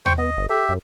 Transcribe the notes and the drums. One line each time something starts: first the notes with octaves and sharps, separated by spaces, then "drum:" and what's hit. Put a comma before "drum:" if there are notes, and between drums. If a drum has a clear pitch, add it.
C5 G5 C#6, drum: tom D#2
B3 D#5
G1
G4 A4 E5
F#2